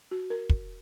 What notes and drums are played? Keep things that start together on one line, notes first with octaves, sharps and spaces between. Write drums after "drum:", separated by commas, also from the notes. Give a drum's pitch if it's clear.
F#4
A#4
drum: kick